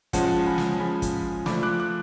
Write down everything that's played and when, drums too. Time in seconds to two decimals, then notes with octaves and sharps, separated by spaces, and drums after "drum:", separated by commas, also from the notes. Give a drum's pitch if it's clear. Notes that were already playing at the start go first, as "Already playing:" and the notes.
0.13 F3 G#3 C#4 F#5 A5, drum: kick, hi-hat
0.46 G#5 B5
0.58 drum: snare
0.69 A5
0.80 F3 G#3 C#4 G#5 B5
1.02 drum: kick, hi-hat
1.46 F3 A3 D4 B5 D6, drum: snare
1.63 D6 F#6
1.80 D6 F#6